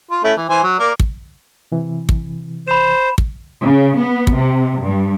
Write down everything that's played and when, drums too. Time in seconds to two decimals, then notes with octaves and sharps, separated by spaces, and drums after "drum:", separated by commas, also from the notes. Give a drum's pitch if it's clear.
0.11 F4
0.24 A3 C#4 E4
0.37 E3
0.49 E3 C5 G#5
0.63 F#3
0.79 A#3 A#4 D5
1.00 drum: kick
1.72 C3 E3
2.09 drum: kick
2.68 C5 B5 E7
3.18 drum: kick
3.63 C#3
3.99 B3
4.27 drum: kick
4.37 C3
4.81 G2